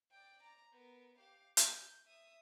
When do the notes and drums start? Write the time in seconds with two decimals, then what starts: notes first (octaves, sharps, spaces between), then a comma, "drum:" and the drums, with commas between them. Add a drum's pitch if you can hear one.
0.11 D5 G5
0.43 A#5
0.73 B3 A#4
1.18 G4 F5
1.57 G6, drum: hi-hat
2.07 E5 D#6